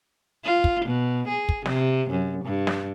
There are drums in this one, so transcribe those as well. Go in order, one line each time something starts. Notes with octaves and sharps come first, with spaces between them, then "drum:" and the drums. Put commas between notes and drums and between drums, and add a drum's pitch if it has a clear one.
F4
drum: kick
B2
G#4
drum: kick
C3, drum: snare
F#2
G2
drum: snare